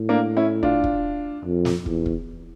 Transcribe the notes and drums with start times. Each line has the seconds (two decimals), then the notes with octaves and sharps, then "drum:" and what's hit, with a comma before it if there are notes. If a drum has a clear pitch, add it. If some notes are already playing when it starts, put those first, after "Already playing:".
Already playing: A2
0.09 A#3 D4
0.37 C#4 E4
0.63 D4 F4, drum: kick
0.84 drum: kick
1.45 F2
1.65 drum: snare
1.86 E2, drum: kick
2.06 drum: kick